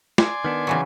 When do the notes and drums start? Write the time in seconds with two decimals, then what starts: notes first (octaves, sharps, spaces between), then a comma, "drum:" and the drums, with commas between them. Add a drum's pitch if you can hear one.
0.18 D5 G#5 C6, drum: snare
0.45 D#3 B3 D4
0.67 C#3 E3 F#3